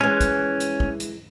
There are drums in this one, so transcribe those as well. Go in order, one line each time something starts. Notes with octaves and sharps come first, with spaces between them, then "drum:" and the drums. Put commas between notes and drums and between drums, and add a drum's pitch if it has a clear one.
E3 G#3 C#4
drum: kick, hi-hat
drum: hi-hat
drum: kick
drum: hi-hat